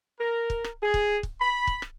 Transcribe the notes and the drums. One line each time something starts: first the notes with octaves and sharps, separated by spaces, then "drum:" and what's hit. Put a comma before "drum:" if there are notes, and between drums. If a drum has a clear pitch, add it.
A#4
drum: kick
drum: rim click
G#4
drum: kick
drum: kick
B5
drum: kick
drum: rim click